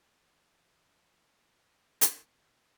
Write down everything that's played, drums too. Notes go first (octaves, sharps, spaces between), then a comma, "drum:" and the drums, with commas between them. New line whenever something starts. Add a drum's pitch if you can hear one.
E3
B2, drum: hi-hat